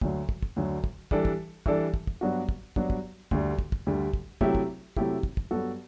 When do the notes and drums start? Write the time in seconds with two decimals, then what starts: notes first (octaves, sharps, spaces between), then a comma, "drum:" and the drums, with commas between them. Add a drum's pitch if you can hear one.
0.01 D2 D3 F#3, drum: kick
0.29 drum: kick
0.43 drum: kick
0.56 D2 D3 F#3
0.84 drum: kick
1.11 E3 G3 D4 A4, drum: kick
1.25 drum: kick
1.66 E3 G3 D4 A4, drum: kick
1.94 drum: kick
2.07 drum: kick
2.21 G2 F#3 B3 D4 F#4
2.49 drum: kick
2.76 G2 F#3 B3 D4 F#4, drum: kick
2.90 drum: kick
3.31 D2 D3 G3, drum: kick
3.59 drum: kick
3.72 drum: kick
3.86 D2 D3 G3
4.13 drum: kick
4.41 C3 F#3 A3 E4 G4, drum: kick
4.55 drum: kick
4.97 C3 F#3 A3 E4 G4, drum: kick
5.23 drum: kick
5.37 drum: kick
5.51 G2 F#3 B3 F#4 A4